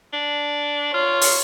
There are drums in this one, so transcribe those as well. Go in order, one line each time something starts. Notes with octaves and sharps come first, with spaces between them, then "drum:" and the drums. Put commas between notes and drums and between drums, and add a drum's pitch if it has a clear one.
D4
F4 C#5
drum: open hi-hat